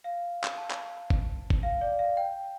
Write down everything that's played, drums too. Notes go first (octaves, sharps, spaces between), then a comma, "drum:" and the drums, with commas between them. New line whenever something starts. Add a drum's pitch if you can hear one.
F5
drum: clap
A5
drum: clap
drum: kick
drum: kick
F5
D5
F5
G5